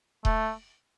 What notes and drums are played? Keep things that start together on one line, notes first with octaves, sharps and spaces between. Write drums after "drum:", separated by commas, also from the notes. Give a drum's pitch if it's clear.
A3, drum: kick D#1